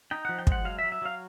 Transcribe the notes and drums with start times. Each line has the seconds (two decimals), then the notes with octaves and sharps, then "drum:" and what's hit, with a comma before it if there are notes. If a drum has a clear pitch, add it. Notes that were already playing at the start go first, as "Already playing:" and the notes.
0.11 D#4 G5
0.25 F3 F#5
0.39 G5
0.47 G#3 F#5, drum: kick
0.65 F#3 F5
0.79 E5
0.84 F#3
0.92 E5
1.02 F#3 F5